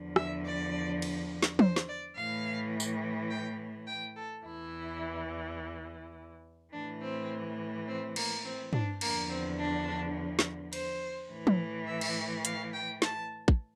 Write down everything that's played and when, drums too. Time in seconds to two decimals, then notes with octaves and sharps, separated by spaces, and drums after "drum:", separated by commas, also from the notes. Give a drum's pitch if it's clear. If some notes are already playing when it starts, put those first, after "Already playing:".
Already playing: E2 D3 F3
0.16 E5, drum: rim click
0.45 D5
1.02 drum: cymbal
1.43 drum: snare
1.59 C5, drum: tom
1.76 drum: snare
1.88 D5
2.16 A2 E3 F5
2.80 drum: tambourine
3.30 G5
3.87 G5
4.17 A4
4.44 E2 E3 E4
6.73 A2 E3 D4
7.01 C4
7.88 C4
8.16 A#3, drum: cymbal
8.45 C4
8.73 D4, drum: tom
9.01 E2 D3 F3 A#3, drum: cymbal
9.29 C4
9.59 D4
10.39 drum: snare
10.73 C5, drum: cymbal
11.31 A2 E3
11.47 drum: tom
11.87 E5
12.01 drum: cymbal
12.45 F5, drum: hi-hat
12.73 G5
13.02 A5, drum: snare
13.48 drum: kick